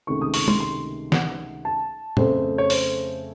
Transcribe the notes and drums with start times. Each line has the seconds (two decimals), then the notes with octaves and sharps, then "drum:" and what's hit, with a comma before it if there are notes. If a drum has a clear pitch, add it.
0.07 C#2 C3 D#3 A3 C#6
0.21 D#6
0.34 C#6, drum: open hi-hat
0.48 C6, drum: tom
0.60 C6
1.12 F#5, drum: snare
1.65 A5
2.17 F2 C#3 A3 C5, drum: tom
2.58 C#5
2.70 C5, drum: open hi-hat